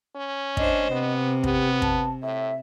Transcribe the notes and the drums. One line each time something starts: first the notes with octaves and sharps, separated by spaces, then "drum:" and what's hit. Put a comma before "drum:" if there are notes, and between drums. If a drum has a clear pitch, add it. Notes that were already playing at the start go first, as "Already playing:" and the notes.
C#4
D4 C5 D#5, drum: kick
C3 B3
B3 G4, drum: kick
A5, drum: kick
A2 E5